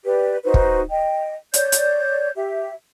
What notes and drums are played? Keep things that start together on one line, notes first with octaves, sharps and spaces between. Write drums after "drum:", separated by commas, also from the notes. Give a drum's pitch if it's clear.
G4 B4 D5
D#4 F#4 B4 C5
drum: kick
D#5 G5
C#5 D5 G6, drum: hi-hat
drum: hi-hat
G4 E5